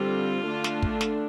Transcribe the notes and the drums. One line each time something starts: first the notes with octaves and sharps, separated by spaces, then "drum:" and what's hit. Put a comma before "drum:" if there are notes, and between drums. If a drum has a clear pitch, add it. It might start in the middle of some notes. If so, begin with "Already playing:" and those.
Already playing: D3 G3 C4 F4
D3 A3 D4
drum: snare
drum: kick
drum: snare